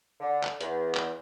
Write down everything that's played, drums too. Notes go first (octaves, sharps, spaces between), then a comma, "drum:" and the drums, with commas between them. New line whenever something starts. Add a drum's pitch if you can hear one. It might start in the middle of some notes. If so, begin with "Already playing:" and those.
D3
drum: clap
E2, drum: hi-hat
drum: clap